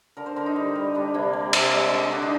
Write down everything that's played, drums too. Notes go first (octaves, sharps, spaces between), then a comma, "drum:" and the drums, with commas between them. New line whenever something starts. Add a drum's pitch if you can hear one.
D3 A#4
C5
D3 A#4
D#4
G3
G3
G3 D4
C3 A#3
G3
C3, drum: cymbal
G#3
D3
D3 D4
D#4